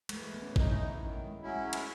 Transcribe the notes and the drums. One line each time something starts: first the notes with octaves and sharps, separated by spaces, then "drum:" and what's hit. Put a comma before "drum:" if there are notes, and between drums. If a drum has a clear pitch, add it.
G#3, drum: cymbal
E3 A3
B3
C#4
G#3 D#4, drum: kick A1
E4
D#3 E4
G#3
F#3 C#4 E4
G#3
drum: cymbal